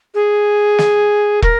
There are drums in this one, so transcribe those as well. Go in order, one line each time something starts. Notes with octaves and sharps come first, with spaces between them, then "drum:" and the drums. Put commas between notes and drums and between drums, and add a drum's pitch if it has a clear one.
G#4
drum: snare
A#4, drum: kick